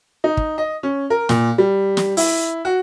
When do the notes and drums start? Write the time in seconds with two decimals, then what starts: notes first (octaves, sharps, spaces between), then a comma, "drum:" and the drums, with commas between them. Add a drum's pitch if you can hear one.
0.24 D#4
0.37 drum: kick
0.58 D#5
0.83 C#4
1.10 A#4
1.29 A#2, drum: snare
1.58 G3
1.97 drum: snare
2.17 E4, drum: open hi-hat
2.65 F#4